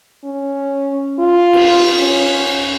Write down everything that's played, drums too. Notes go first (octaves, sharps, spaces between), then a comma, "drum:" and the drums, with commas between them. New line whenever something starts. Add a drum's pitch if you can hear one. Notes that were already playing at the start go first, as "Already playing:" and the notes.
C#4
F4
drum: cymbal
C#4